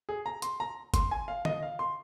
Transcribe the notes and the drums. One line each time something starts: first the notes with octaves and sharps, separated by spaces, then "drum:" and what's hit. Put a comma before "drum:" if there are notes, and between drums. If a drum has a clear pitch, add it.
G#4
A#5
C6, drum: hi-hat
A#5
C6, drum: kick G1, hi-hat
G#5
F5
D#5, drum: tom D3
F5
C6